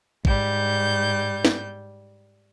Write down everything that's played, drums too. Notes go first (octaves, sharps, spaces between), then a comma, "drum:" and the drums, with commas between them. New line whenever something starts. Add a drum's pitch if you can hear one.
G#2 G3 G6, drum: kick A1
drum: snare